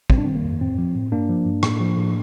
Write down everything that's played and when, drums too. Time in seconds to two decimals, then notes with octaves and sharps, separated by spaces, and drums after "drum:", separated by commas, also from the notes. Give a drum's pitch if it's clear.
0.10 G3 C4, drum: kick
0.18 D4
0.25 D#3 C4
0.35 A#3
0.44 F2
0.61 A2 C4
0.78 F3
0.95 A2
1.12 G2 A#3 D4
1.29 F3
1.46 G2
1.63 A2, drum: rim click
1.80 F3
1.97 A2